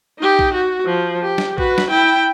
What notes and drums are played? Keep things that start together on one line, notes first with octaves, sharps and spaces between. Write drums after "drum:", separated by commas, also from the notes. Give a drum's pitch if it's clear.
D#4 G4
drum: kick
F#4
F3
G4
drum: snare
F#4 B4, drum: kick
drum: snare
E4 G5